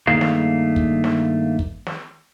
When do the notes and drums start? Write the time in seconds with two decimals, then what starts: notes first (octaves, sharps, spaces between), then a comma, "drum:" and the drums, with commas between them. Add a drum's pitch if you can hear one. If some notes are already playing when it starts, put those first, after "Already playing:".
0.07 G2 D#3 A3 A#3 G#4 F5
0.21 drum: snare
0.76 drum: kick
1.04 drum: snare
1.59 drum: kick
1.87 drum: snare